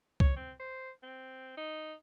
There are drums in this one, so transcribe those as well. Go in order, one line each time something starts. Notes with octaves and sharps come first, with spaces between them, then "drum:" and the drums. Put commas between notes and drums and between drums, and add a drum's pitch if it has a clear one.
C#5, drum: kick C2
C4
C5
C4
D#4